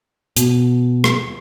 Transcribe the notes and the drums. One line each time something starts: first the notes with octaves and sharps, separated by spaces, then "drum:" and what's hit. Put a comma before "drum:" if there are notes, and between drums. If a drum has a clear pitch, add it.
B2, drum: hi-hat
drum: rim click